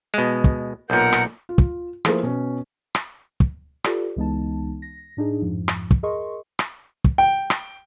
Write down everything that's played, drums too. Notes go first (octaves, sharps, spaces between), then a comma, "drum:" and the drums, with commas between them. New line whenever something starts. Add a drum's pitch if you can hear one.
B2 G#3
drum: kick
B1 A#2 A#4 F#5 G6
drum: rim click
F4
drum: kick
F3 A3 A#3 E4 G#4 C5, drum: rim click
B2 C#4
drum: rim click
drum: kick
F4 G4 A4 B4 D5, drum: rim click
C#2 E3 G#3 B3 D#4 A5
A#6
A2 D4 D#4 G#4
F2 G#2 F3
drum: rim click
drum: kick
G#4 A#4 D#5 C6 C#6
drum: rim click
drum: kick
G5
drum: rim click